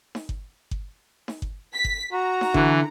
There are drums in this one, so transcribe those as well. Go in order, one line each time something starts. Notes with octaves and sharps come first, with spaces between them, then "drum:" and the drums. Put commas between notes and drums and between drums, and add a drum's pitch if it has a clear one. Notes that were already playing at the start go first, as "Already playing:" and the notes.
drum: snare D#4
drum: kick G1
drum: kick G1
drum: snare D#4
drum: kick G1
B6
drum: kick G1
F#4 A#5
drum: snare D#4
D3 E3, drum: kick G1